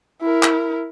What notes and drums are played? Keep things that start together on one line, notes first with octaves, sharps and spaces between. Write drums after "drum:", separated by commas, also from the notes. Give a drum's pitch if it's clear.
E4 A#4
drum: clap